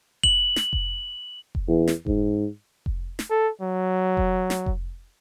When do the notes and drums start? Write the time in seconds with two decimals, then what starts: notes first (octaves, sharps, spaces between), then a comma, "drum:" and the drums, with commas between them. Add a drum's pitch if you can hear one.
0.24 F#7, drum: kick F1
0.56 drum: snare
0.73 drum: kick F1
1.55 drum: kick F1
1.68 E2
1.88 drum: snare
2.06 G#2, drum: kick F1
2.86 drum: kick F1
3.19 drum: snare
3.30 A4
3.61 F#3
4.17 drum: kick F1
4.50 drum: snare
4.66 drum: kick F1